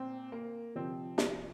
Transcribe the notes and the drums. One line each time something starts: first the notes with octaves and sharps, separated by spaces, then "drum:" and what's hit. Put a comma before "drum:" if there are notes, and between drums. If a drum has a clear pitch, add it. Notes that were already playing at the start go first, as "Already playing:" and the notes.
Already playing: A#2 C4
A#3
C3 F3 C4
drum: snare